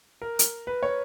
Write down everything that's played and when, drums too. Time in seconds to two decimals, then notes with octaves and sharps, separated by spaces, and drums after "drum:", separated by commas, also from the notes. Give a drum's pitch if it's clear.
0.22 A#4
0.39 drum: hi-hat
0.67 B4
0.83 C#5